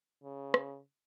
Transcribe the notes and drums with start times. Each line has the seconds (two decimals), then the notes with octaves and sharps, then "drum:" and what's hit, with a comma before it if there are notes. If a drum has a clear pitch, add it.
0.23 C#3
0.54 drum: rim click